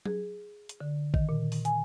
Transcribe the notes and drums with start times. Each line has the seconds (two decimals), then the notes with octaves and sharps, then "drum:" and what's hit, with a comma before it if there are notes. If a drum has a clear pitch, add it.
0.06 G#4, drum: tom F#3
0.69 drum: hi-hat
0.81 D3
1.14 D#3, drum: kick A1
1.29 A#2
1.52 drum: open hi-hat
1.65 G#5, drum: hi-hat